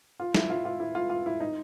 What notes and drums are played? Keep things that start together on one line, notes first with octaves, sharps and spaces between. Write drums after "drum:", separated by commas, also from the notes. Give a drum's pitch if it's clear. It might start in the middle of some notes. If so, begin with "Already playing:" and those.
F4
E4, drum: snare
F4
F4
E4
F4
F4
E4
D#4